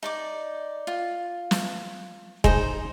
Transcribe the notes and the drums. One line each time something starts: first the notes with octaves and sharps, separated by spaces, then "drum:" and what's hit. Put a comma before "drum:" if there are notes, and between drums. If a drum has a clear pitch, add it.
D#4 D5 D6
F4
drum: snare
G#3 D#4 C5 D#5, drum: kick E1